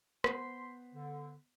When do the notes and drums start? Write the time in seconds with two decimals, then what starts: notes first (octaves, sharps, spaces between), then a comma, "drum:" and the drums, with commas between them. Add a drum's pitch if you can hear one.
0.24 B3 C5 C6 B6, drum: rim click
0.94 D3